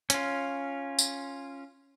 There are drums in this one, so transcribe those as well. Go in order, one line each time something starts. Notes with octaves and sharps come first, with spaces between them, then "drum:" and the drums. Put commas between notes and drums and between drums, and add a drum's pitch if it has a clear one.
C#4 F4, drum: hi-hat
drum: tambourine